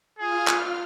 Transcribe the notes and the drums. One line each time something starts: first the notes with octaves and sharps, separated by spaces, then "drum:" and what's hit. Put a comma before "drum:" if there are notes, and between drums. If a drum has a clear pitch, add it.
F4 G#4 F6
drum: clap